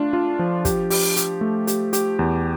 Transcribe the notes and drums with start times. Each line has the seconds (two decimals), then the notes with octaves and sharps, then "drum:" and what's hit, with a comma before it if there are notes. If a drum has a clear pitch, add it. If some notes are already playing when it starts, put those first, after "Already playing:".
Already playing: A3 D4 F4
0.13 F4
0.39 F3
0.65 G4, drum: kick, hi-hat
0.90 G4, drum: open hi-hat
1.16 G4, drum: hi-hat
1.41 A3
1.67 G4, drum: hi-hat
1.93 G4, drum: hi-hat
2.19 E2